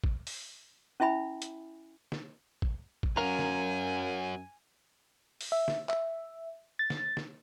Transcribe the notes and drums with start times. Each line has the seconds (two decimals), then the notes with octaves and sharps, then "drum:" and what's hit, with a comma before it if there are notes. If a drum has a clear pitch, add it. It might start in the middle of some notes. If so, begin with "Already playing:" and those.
0.04 drum: kick
0.27 drum: open hi-hat
1.00 C#4 E4 E5 G#5 B5
1.42 drum: hi-hat
2.12 drum: snare
2.62 drum: kick
3.03 drum: kick
3.17 F#2 C#4 F#4 A#4 F5 G#5 A#5, drum: rim click
3.39 drum: snare
5.41 drum: open hi-hat
5.52 E5
5.68 drum: snare
5.89 E5, drum: clap
6.79 A6
6.90 drum: snare
7.17 drum: snare